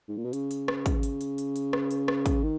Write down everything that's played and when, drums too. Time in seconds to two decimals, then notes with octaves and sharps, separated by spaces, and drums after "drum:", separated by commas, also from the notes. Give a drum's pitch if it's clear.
0.08 G#2
0.17 A#2
0.25 B2
0.33 C#3, drum: hi-hat
0.51 drum: hi-hat
0.68 drum: rim click
0.86 drum: kick, hi-hat
1.03 drum: hi-hat
1.21 drum: hi-hat
1.38 drum: hi-hat
1.56 drum: hi-hat
1.73 drum: rim click
1.91 drum: hi-hat
2.08 drum: rim click
2.26 drum: kick, hi-hat
2.43 D#3